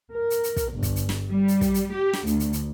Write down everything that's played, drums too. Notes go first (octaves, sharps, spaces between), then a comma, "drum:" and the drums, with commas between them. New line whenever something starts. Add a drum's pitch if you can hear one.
A#4
drum: hi-hat
drum: hi-hat
drum: kick, hi-hat
G1
drum: kick, hi-hat
drum: hi-hat
drum: snare
G3
drum: hi-hat
drum: kick, hi-hat
drum: hi-hat
G4
drum: snare
D2, drum: hi-hat
drum: hi-hat
drum: hi-hat